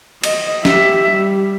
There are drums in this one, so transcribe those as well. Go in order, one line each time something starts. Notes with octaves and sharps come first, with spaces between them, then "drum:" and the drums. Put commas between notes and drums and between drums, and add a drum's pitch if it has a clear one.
D#5, drum: cymbal
G4 E5, drum: snare
G3